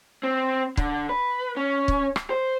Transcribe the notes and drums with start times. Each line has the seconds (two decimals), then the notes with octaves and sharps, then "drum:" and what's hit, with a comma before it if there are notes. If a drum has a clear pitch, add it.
0.23 C4
0.77 D3, drum: kick
1.09 B4
1.57 C#4
1.88 drum: kick
2.16 drum: rim click
2.30 C5